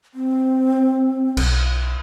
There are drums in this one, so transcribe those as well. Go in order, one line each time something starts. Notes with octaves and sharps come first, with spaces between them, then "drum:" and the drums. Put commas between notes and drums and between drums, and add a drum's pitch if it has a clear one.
C4
B1, drum: cymbal